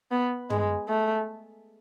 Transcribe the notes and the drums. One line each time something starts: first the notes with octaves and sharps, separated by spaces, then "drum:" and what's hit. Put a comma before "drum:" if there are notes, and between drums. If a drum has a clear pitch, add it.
B3
G#3, drum: tom
A3